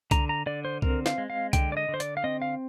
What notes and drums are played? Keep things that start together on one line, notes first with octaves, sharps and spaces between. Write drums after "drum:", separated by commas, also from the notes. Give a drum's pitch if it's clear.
D3 A#5, drum: kick C2, hi-hat
A#5
D3 D5
C5
C4 A#4, drum: kick C2
F5, drum: snare
G#3
F5
D3 G5, drum: kick C2, hi-hat
D5
D#5
D3
C5
D5, drum: hi-hat
F5
C4 D#5
F5